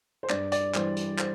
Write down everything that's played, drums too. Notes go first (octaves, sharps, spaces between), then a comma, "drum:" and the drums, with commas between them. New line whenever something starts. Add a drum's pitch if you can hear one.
C5
G2 D5, drum: clap
D5, drum: hi-hat
E3 G3 C5, drum: clap
drum: hi-hat
C5, drum: clap